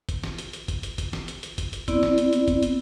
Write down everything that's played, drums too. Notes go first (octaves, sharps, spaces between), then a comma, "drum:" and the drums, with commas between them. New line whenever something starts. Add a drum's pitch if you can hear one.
drum: kick F#1, hi-hat
drum: snare
drum: hi-hat
drum: hi-hat
drum: kick F#1, hi-hat
drum: hi-hat
drum: kick F#1, hi-hat
drum: snare
drum: hi-hat
drum: hi-hat
drum: kick F#1, hi-hat
drum: hi-hat
B3 C4 E4 D5, drum: kick F#1, hi-hat
drum: snare
drum: hi-hat
drum: hi-hat
drum: kick F#1, hi-hat
drum: hi-hat